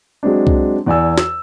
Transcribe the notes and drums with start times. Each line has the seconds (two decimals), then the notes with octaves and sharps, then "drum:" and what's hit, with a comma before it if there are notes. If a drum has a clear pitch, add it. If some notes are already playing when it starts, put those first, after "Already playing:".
0.23 F#3 G#3 C4 D4
0.47 drum: kick C2
0.86 E2 D5 G#5 E6
1.18 E6, drum: snare